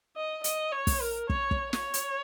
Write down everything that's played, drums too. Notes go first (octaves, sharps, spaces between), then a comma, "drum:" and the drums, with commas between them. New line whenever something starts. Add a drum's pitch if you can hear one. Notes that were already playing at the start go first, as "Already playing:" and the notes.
D#5
D#5, drum: hi-hat
C#5
drum: kick, open hi-hat
A#4
C#5, drum: kick
drum: kick
C#5, drum: snare
drum: hi-hat